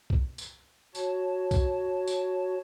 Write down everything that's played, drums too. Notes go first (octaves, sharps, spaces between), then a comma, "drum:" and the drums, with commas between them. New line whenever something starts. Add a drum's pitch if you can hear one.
drum: kick B1
drum: tambourine
F#4 C#5 A5, drum: tambourine
drum: kick B1, tambourine
drum: tambourine